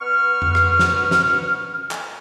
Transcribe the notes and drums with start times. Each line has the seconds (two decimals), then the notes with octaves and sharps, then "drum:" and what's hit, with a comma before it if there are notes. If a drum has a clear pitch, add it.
0.01 B3 B4 C#6 F6
0.42 drum: tom F2
0.55 drum: rim click
0.79 drum: snare
1.11 drum: snare
1.91 drum: clap